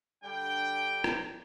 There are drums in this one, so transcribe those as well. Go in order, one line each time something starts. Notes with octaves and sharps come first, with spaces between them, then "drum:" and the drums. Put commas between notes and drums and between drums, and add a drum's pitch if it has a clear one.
D3 G3 D4 G5
drum: rim click